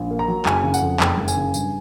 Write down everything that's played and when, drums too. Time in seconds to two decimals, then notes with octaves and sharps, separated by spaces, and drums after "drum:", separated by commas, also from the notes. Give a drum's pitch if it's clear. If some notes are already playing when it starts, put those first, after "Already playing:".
Already playing: A#1
0.11 A#3
0.19 A#5
0.28 F#3
0.46 F#1 G#5, drum: clap
0.64 C#3
0.74 F#5, drum: tambourine
0.82 F2
1.00 F#1 G5, drum: clap
1.18 F#1
1.28 G#5, drum: tambourine
1.36 C#3
1.54 G2, drum: tambourine